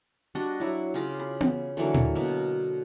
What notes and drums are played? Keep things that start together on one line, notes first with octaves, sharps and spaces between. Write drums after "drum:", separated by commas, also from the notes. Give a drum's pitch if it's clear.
G3 D4 F#4 D#5
F#3 E4
C#3 F4 G#4 D6
B5
drum: tom B3
D3 E3 F#3 A#3
drum: tom A#2
B2 A#3